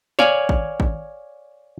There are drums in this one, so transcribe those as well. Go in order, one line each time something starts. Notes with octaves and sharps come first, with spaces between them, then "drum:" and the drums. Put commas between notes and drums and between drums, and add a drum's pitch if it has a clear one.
C#5 D5 F5 G#5, drum: snare
drum: kick
drum: kick